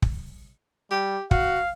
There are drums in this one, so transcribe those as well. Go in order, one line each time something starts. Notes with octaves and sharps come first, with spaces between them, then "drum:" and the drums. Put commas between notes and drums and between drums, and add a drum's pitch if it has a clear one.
drum: kick
G3 G4
F#4 F5, drum: kick